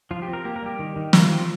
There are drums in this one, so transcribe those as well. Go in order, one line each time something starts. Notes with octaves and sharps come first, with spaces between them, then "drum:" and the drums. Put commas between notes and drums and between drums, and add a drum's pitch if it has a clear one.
F3 F4
G4
C4
A#4
A#3 G4
A#4
G3 G4
D#3
D#3
F3 F4, drum: snare
C4